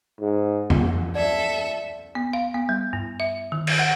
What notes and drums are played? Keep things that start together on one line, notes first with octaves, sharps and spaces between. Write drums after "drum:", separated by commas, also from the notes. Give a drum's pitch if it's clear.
G#2
drum: tom F2
A4 D5 E5
B3
F5
B3
G3
G2
E5
D#3
drum: cymbal
F#5